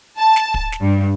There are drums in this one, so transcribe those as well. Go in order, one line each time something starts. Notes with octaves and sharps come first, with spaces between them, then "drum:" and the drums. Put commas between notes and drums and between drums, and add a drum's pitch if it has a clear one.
A5
drum: snare
drum: kick
drum: snare
G2